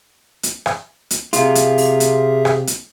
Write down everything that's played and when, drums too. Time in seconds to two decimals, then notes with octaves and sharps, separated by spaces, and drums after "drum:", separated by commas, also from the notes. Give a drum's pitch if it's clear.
0.43 drum: hi-hat
0.66 drum: rim click
1.11 drum: hi-hat
1.33 C3 F4 G#4 E5, drum: hi-hat
1.55 drum: hi-hat
1.78 drum: open hi-hat
2.00 drum: hi-hat
2.45 drum: rim click
2.67 drum: hi-hat